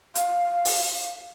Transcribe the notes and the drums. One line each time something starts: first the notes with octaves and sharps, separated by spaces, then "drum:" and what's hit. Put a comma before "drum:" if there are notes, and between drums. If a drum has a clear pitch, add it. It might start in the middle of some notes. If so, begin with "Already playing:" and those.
F5, drum: hi-hat
drum: open hi-hat